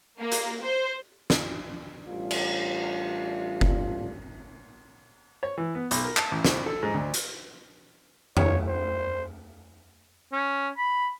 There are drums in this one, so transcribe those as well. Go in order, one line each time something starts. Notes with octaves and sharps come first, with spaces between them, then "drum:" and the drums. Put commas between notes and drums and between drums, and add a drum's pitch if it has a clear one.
A#3
drum: hi-hat
C5
drum: snare
A1 G3 D4 F4
drum: cymbal
drum: kick F#1
C#5
E3
B3
B1, drum: hi-hat
A#4
A5, drum: clap
A1
C2, drum: snare
A4
G#2
D2
drum: hi-hat
C#5, drum: tom F2
C5
C#4
B5